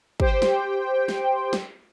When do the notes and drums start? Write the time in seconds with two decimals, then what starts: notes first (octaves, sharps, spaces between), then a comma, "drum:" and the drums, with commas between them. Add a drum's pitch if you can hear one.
0.20 G4 C5 G5, drum: kick
0.42 drum: snare
1.08 drum: snare
1.53 drum: snare